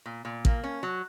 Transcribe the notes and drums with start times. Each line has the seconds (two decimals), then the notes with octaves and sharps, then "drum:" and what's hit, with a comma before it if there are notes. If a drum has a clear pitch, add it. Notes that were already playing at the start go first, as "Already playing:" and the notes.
0.06 A#2
0.25 A#2
0.45 A#3, drum: kick
0.64 C#4
0.83 F#3